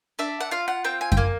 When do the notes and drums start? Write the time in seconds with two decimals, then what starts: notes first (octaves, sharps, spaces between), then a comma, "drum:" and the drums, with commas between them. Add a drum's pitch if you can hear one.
0.19 D4 E5
0.41 F#5
0.51 F4 F5
0.68 F#5
0.85 C4 G5
1.01 G#5
1.12 G5, drum: kick F#2
1.17 A#3 G#5